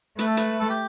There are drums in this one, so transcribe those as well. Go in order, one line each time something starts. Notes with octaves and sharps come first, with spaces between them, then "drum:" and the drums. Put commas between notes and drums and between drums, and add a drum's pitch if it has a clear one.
A3 B4, drum: hi-hat
A4
B4, drum: hi-hat
A4
G4